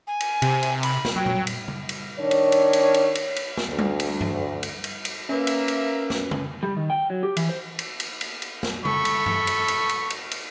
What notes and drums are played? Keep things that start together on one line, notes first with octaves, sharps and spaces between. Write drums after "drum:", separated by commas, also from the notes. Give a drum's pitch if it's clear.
G#5
drum: cymbal
C3, drum: cymbal
drum: cymbal
B5, drum: cymbal
drum: snare
F#3 G5
drum: tom A#2
drum: cymbal
drum: tom C#3
drum: cymbal
D#3 D4 C#5
drum: cymbal
drum: cymbal
drum: cymbal
drum: cymbal
drum: cymbal
drum: cymbal
drum: snare
D2
drum: tom G3
drum: cymbal
drum: tom G2
drum: cymbal
drum: cymbal
drum: cymbal
A#3 C#4 B4 E5
drum: cymbal
drum: cymbal
drum: snare
drum: tom C#3
G3
D#3
G5
F#3
G4
E3, drum: cymbal
C5
drum: cymbal
drum: cymbal
drum: cymbal
drum: cymbal
drum: snare
A4 B5 C#6, drum: tom C#3
drum: cymbal
drum: tom G2
drum: cymbal
drum: cymbal
drum: cymbal
drum: cymbal
drum: cymbal